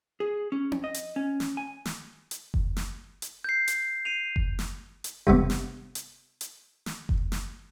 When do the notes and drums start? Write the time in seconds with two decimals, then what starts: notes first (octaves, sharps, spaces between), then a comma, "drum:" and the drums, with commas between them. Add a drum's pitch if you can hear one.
0.20 G#4
0.52 C#4
0.72 drum: tom C4
0.84 D#5
0.94 drum: hi-hat
1.16 C#4
1.40 drum: snare
1.57 G#5
1.85 drum: snare
2.31 drum: hi-hat
2.54 drum: kick F#1
2.77 drum: snare
3.22 drum: hi-hat
3.44 G6 C7
3.68 drum: hi-hat
4.05 C7 D#7 F7
4.36 drum: kick F#1
4.59 drum: snare
5.04 drum: hi-hat
5.27 G2 C3 B3, drum: kick F#1
5.50 drum: snare
5.95 drum: hi-hat
6.41 drum: hi-hat
6.86 drum: snare
7.09 drum: kick F#1
7.32 drum: snare